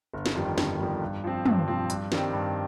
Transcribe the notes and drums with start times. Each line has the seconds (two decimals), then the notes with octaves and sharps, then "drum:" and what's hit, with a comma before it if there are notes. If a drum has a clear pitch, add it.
0.14 G1
0.26 drum: snare
0.35 F2 D#3 G3
0.58 G1, drum: snare
0.80 F2 D#3 G3
1.02 G2
1.24 F3 C4
1.45 G2, drum: tom
1.68 F3 C4
1.90 G2, drum: hi-hat
2.12 D#3 G3 C4, drum: snare
2.34 G2